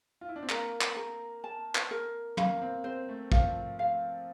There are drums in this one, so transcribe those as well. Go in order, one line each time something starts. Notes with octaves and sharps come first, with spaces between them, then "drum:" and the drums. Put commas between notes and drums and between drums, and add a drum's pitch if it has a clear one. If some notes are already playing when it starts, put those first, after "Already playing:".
F4
E4
D4
C4
A#3 A#4, drum: clap
drum: clap
A#4
A5
drum: clap
A#4
A#3 F5, drum: tom
C4
C4 C5
A3
F3 F5, drum: kick A1
F5